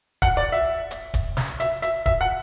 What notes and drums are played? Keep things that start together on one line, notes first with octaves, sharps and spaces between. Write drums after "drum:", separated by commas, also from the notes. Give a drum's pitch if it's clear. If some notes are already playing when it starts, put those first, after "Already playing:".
F#5, drum: kick D1, hi-hat
D5
E5
drum: hi-hat
drum: kick D1, hi-hat
drum: snare
E5, drum: hi-hat
E5, drum: hi-hat
E5, drum: kick D1
F#5